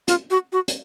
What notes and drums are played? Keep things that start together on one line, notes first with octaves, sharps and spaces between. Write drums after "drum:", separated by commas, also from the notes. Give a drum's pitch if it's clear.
F4, drum: hi-hat
F#4
F#4
drum: hi-hat